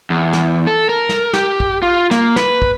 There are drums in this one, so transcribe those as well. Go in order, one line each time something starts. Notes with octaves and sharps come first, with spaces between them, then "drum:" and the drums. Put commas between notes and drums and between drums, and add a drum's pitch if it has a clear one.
E2
drum: snare
A4
A#4
drum: snare
G4, drum: snare
drum: kick
F4
A#3, drum: snare
B4, drum: snare
drum: kick